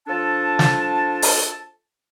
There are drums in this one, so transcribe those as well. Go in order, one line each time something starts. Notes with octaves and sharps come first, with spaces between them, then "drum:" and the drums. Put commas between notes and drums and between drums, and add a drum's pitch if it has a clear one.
F3 D4 A4 A5
drum: snare
drum: open hi-hat